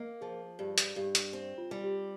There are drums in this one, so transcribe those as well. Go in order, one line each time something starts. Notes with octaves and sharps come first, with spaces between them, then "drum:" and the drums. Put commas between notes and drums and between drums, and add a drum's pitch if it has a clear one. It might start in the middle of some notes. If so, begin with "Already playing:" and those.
Already playing: A#3 D#5
F3 G#4
G2 G4
drum: hi-hat
G2 G4
drum: hi-hat
C4
F4
G3
G4